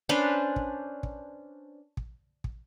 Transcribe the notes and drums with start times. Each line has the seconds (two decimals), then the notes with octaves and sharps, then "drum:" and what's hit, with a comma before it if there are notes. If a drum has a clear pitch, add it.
0.09 C#4 D4 B4 C5
0.56 drum: kick
1.03 drum: kick
1.97 drum: kick
2.44 drum: kick